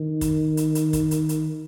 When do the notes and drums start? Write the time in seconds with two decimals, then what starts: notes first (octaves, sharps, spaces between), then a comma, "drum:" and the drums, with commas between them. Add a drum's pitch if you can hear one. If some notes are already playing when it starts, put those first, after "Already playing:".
Already playing: D#3
0.21 drum: kick, hi-hat
0.57 drum: hi-hat
0.75 drum: hi-hat
0.93 drum: kick, hi-hat
1.11 drum: hi-hat
1.29 drum: hi-hat